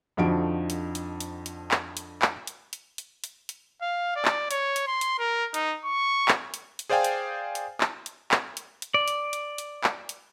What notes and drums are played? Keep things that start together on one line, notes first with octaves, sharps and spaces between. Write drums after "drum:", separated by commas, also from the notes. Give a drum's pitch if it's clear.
F2 D3 F3 D#4 F#4 D7
drum: hi-hat
drum: hi-hat
drum: hi-hat
drum: hi-hat
drum: clap
drum: hi-hat
drum: clap
drum: hi-hat
drum: hi-hat
drum: hi-hat
drum: hi-hat
drum: hi-hat
F5
D5
drum: clap
C#5, drum: hi-hat
drum: hi-hat
C6
drum: hi-hat
A#4
D#4, drum: hi-hat
C#6
drum: clap
drum: hi-hat
drum: hi-hat
G#4 C5 D5 F5 G5 G#5
drum: hi-hat
drum: hi-hat
drum: clap
drum: hi-hat
drum: clap
drum: hi-hat
drum: hi-hat
D5
drum: hi-hat
drum: hi-hat
drum: hi-hat
drum: clap
drum: hi-hat